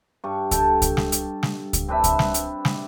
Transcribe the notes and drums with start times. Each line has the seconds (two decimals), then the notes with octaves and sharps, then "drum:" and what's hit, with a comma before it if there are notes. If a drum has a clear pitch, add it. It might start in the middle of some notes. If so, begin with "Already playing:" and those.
0.24 G2 C#6
0.51 A4 G5 A5, drum: kick C#2, hi-hat
0.82 drum: kick C#2, hi-hat
0.97 drum: snare
1.12 drum: hi-hat
1.43 drum: snare
1.73 drum: kick C#2, hi-hat
1.88 C4 D4 B4 E5
2.04 drum: kick C#2, hi-hat
2.19 drum: snare
2.34 drum: hi-hat
2.65 drum: snare